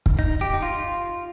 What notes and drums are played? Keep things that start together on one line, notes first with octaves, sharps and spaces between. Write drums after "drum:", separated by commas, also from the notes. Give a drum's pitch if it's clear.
drum: kick
D#4
G4
D#4
F4